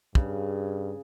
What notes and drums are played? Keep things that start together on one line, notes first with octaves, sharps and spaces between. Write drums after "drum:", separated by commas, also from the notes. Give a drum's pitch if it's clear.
G2 C#3, drum: kick